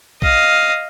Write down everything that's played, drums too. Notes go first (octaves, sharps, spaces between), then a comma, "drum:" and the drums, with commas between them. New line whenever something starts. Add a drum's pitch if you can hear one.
D#5 F5, drum: kick B1